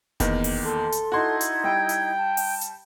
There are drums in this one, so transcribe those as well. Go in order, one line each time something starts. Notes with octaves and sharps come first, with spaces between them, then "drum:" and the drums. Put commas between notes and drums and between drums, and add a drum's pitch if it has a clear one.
E2 D#3 A#3, drum: kick F1, hi-hat
drum: open hi-hat
A4 C6
drum: hi-hat
D#4 E4 F#4 C6 G#6
drum: hi-hat
G3 G5
drum: hi-hat
A5
drum: open hi-hat
drum: hi-hat